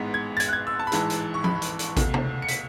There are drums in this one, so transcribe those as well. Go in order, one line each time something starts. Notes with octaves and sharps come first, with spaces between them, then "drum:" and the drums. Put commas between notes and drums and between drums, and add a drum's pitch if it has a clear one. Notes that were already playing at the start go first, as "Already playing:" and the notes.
Already playing: A1 G#2 G#3 B3 B6
G#6
A6
G#6, drum: hi-hat
F#6
G#6
E6
A5
B5
A1 G#2 E3 G#3 A5, drum: hi-hat
drum: hi-hat
C#6
B5, drum: tom F3
drum: hi-hat
drum: hi-hat
C#2 B2 A3, drum: kick A1, hi-hat
drum: tom C3
C#7
B6, drum: hi-hat